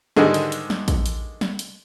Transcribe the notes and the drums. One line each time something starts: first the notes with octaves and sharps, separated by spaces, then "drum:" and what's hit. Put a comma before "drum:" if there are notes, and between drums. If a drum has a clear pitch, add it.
G#2 D3 D#3 G3 G#3, drum: snare
drum: hi-hat
drum: hi-hat
drum: snare
drum: kick, hi-hat
drum: hi-hat
drum: snare
drum: hi-hat